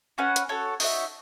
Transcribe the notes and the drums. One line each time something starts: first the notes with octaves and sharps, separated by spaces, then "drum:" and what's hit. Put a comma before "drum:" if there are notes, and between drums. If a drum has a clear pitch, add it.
C#4 F#4 B4 F#5
drum: hi-hat
F#4 A4 C#5
D#4 F#4 C#5 E5, drum: open hi-hat